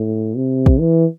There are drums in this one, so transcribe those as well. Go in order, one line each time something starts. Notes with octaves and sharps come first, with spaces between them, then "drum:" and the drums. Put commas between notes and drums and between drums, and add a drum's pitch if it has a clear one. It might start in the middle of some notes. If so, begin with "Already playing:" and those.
Already playing: A2
C3
drum: kick
E3